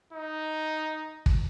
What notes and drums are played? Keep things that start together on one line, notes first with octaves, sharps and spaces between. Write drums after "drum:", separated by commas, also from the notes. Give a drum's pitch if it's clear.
D#4
drum: kick